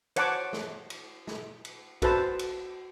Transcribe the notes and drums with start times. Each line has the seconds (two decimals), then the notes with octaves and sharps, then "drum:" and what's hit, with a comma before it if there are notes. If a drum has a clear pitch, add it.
0.16 C5 C#5 F#5 A5 C#6 D6, drum: cymbal
0.53 drum: snare
0.90 drum: cymbal
1.27 drum: snare
1.65 drum: cymbal
2.02 F#4 A4 B4 C5 A5, drum: kick, cymbal
2.39 drum: cymbal